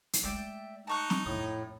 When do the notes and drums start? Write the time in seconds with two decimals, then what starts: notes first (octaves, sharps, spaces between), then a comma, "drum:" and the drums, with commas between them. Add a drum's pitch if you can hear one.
0.13 drum: hi-hat
0.23 G#3 A3 D5 E5 G5
0.87 D#4 A5 C#6 F#6
1.10 drum: snare
1.26 A#1 F2 A2 D#6